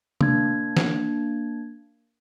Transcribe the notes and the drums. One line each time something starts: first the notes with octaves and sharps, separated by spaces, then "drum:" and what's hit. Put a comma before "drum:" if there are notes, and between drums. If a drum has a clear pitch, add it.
A#3 D4 G#6, drum: tom C3
drum: snare